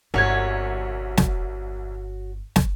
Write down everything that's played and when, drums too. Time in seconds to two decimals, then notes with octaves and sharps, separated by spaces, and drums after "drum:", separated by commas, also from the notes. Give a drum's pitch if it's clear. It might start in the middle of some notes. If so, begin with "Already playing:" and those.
0.14 G1 C2 F#4 C#5 G#6
1.17 drum: snare
2.56 drum: snare